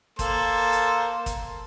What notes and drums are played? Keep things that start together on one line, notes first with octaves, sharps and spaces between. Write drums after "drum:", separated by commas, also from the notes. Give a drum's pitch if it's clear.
A#3 A4 C5, drum: kick, hi-hat
drum: hi-hat
drum: kick, hi-hat